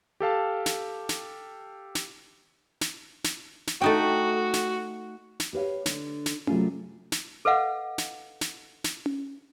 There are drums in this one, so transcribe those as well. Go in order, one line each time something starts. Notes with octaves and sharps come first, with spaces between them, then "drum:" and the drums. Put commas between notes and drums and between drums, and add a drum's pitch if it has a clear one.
G4 A4 F5 A5
drum: snare
drum: snare
drum: snare
drum: snare
drum: snare
drum: snare
A3 D#4 F#4 G5
drum: snare
drum: snare
G4 B4 C#5 F5
D3 D4, drum: snare
drum: snare
C3 F#3 G3 A3 F4 G#4, drum: tom C#4
drum: snare
A4 B4 D#5 F5 F#5
drum: snare
drum: snare
drum: snare
drum: tom C#4